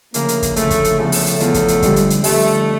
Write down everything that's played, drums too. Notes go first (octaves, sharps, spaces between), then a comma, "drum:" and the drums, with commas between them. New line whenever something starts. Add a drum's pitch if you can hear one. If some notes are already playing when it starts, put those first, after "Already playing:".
D2 C#3 F3 A#3, drum: hi-hat
drum: hi-hat
drum: kick, hi-hat
D2 C#3 F3 A3, drum: hi-hat
drum: kick, hi-hat
drum: hi-hat
E2 C#3 F3 A3
drum: open hi-hat
drum: hi-hat
E2 C#3 F3, drum: hi-hat
drum: kick, hi-hat
drum: hi-hat
F2 D3 G3, drum: kick, hi-hat
drum: hi-hat
drum: hi-hat
F2 D3 G3 A3, drum: open hi-hat